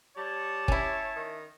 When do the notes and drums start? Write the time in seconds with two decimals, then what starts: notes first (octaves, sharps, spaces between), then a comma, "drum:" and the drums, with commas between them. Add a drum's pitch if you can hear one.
0.17 G3 C#5 A5
0.68 C#4 E4, drum: kick
1.16 D#3